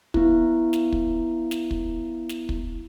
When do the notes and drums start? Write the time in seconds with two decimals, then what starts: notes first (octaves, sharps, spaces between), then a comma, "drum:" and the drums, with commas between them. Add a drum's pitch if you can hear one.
0.14 B3 E4, drum: kick
0.73 drum: snare
0.92 drum: kick
1.51 drum: snare
1.71 drum: kick
2.29 drum: snare
2.49 drum: kick